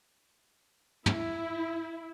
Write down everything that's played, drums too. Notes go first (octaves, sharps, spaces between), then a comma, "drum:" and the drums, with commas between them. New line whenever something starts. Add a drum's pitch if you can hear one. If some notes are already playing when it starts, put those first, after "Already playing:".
E4, drum: tom